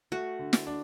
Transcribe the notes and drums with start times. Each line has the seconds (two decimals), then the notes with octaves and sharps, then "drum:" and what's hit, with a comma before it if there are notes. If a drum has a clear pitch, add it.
0.12 A3 F#4
0.39 D3
0.53 drum: snare
0.67 D4